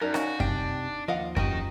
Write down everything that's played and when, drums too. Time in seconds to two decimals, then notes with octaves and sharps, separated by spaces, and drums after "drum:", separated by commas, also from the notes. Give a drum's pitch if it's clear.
0.02 F#2 D#4 A#4 D5
0.14 C#4 F#4 D#5 F5 G#5, drum: rim click
0.40 C3 D4 G5, drum: kick F#2
1.08 D#2 F3 D#5 F5 F#5
1.37 C#4 F#4 G4 A#4 D#5 G5, drum: kick F#2